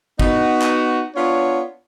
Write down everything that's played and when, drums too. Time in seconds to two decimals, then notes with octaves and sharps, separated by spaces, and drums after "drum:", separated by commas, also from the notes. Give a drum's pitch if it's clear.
0.19 B3 D#4 F#4, drum: kick
0.62 drum: clap
1.16 B3 D4 F4 C#5